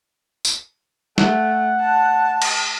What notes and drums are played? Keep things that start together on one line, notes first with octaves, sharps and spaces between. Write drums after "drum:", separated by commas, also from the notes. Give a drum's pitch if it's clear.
drum: tambourine
A3 F#5, drum: snare
A5
drum: cymbal